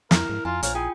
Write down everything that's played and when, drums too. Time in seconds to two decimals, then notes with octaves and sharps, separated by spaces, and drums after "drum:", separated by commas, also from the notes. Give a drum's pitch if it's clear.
0.11 F2 E4 A#4 A#5, drum: snare
0.29 G#2
0.45 F2 F4 G#5 A#5
0.63 A#1 F4 C5 C#5 F5, drum: hi-hat
0.75 E4 F4 G#4 G5 G#5